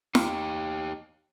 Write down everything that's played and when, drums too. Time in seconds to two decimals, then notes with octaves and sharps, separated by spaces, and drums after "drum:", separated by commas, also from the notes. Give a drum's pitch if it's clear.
0.15 D#4 G4, drum: snare